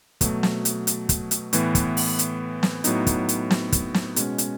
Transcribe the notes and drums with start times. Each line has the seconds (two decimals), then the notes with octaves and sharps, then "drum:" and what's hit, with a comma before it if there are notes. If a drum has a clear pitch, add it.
0.21 B2 F#3 A3, drum: kick, hi-hat
0.43 drum: snare
0.65 drum: hi-hat
0.87 drum: hi-hat
1.09 drum: kick, hi-hat
1.31 drum: hi-hat
1.53 A2 E3 B3, drum: hi-hat
1.75 drum: kick, hi-hat
1.97 drum: open hi-hat
2.19 drum: hi-hat
2.63 drum: snare
2.84 A2 F#3 B3 D#4, drum: hi-hat
3.07 drum: kick, hi-hat
3.29 drum: hi-hat
3.51 drum: snare
3.72 drum: kick, hi-hat
3.94 drum: snare
4.16 B2 G#3 C#4, drum: hi-hat
4.38 drum: hi-hat